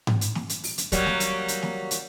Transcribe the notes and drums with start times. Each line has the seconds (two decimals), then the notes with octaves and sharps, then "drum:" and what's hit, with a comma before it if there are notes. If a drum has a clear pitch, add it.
0.07 drum: tom G#2
0.21 drum: hi-hat
0.35 drum: snare
0.49 drum: hi-hat
0.64 drum: open hi-hat
0.78 drum: hi-hat
0.92 F#3 G3 A#3, drum: kick, hi-hat
1.06 drum: snare
1.20 drum: hi-hat
1.48 drum: hi-hat
1.62 drum: snare
1.91 drum: hi-hat